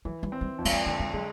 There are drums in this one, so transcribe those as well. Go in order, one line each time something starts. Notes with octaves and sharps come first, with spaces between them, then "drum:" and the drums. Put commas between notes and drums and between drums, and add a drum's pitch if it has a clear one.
E3 F#3
G3
C4
G3
F2
G3, drum: cymbal
G#3
D3 G#3
G#3
F#3 G#3